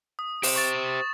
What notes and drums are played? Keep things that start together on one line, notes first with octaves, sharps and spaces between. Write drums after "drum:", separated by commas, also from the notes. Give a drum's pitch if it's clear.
D#6
G4 C5 E7, drum: open hi-hat
C#6 A6